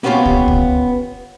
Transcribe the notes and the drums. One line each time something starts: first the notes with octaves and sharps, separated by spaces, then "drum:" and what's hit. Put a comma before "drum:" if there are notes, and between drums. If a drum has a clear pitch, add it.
A#3 B3 C#4 D4 F4 G4
drum: kick
drum: kick